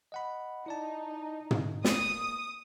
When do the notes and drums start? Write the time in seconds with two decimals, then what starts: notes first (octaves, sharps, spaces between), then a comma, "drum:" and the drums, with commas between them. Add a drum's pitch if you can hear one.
0.12 D#5 F#5 B5
0.66 D#4 E4 D5 A5
1.51 D3, drum: tom
1.84 A#3 D#6, drum: snare